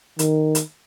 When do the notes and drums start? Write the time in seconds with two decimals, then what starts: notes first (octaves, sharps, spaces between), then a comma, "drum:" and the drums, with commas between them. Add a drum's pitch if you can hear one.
0.19 D#3, drum: hi-hat
0.55 drum: hi-hat